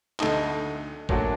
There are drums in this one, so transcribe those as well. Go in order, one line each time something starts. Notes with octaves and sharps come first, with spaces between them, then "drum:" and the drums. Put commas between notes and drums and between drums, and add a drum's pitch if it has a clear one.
D2 D3 A3 D#4, drum: clap
A#2 F#3 A3 D4 F#4, drum: kick